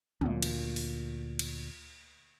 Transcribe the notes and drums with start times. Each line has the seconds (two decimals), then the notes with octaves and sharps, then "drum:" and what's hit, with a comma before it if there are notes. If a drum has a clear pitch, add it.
0.21 D2 A#2, drum: tom
0.42 drum: cymbal
0.76 drum: open hi-hat
1.39 drum: cymbal